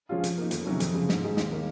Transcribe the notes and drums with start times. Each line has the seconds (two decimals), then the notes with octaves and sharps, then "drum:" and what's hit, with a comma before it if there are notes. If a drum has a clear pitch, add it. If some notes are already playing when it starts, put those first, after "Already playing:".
0.09 F3 G#3 C#4 F4
0.24 F3, drum: hi-hat
0.38 A#3 D#4
0.51 F2, drum: hi-hat
0.66 C3 D#3 F#3 C#4
0.80 F2, drum: hi-hat
0.94 C#3 F3 G#3
1.09 G#2, drum: snare
1.23 D#3 G#3 D#4
1.37 D#2, drum: snare
1.51 D#3 A#3